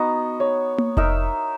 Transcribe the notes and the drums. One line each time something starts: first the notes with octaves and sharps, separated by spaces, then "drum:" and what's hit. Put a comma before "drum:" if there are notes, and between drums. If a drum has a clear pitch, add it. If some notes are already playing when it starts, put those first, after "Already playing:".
Already playing: B3 D#4 F#4 D#5
C#5
drum: tom A#3
D#4 A#4 E5, drum: kick F1